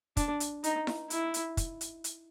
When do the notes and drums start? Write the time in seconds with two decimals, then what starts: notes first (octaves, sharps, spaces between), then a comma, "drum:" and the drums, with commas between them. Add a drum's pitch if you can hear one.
0.17 D4, drum: kick, hi-hat
0.40 drum: hi-hat
0.64 D#4, drum: hi-hat
0.87 drum: snare E4
1.10 E4, drum: hi-hat
1.34 drum: hi-hat
1.57 drum: kick, hi-hat
1.81 drum: hi-hat
2.04 drum: hi-hat